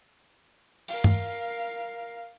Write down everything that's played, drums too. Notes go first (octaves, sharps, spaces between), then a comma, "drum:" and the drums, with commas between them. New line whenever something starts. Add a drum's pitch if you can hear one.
A#4 F5, drum: open hi-hat
drum: tom G2